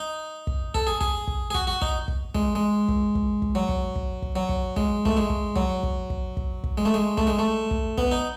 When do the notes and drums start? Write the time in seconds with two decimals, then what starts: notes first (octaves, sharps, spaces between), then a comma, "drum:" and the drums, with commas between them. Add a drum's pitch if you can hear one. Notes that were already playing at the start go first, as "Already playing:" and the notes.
Already playing: D#4
0.47 drum: kick
0.75 A4, drum: kick
0.87 G#4
1.01 G#4, drum: kick
1.28 drum: kick
1.51 G#4
1.55 F#4, drum: kick
1.67 F#4
1.82 D#4, drum: kick
2.08 drum: kick
2.35 G#3, drum: kick
2.55 G#3
2.88 drum: kick
3.15 drum: kick
3.42 drum: kick
3.55 F#3
3.69 drum: kick
3.96 drum: kick
4.22 drum: kick
4.36 F#3
4.49 drum: kick
4.77 G#3, drum: kick
5.05 A3, drum: kick
5.17 G#3
5.30 drum: kick
5.56 F#3, drum: kick
5.83 drum: kick
6.10 drum: kick
6.37 drum: kick
6.64 drum: kick
6.78 G#3
6.85 A3
6.94 G#3
7.18 A3, drum: kick
7.27 G#3
7.39 A3
7.71 drum: kick
7.98 B3, drum: kick
8.12 D#4